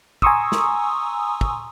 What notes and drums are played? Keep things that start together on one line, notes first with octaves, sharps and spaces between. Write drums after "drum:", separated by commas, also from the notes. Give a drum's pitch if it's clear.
G#5 A#5 C6 C#6 D#6 E6, drum: kick
drum: snare
drum: kick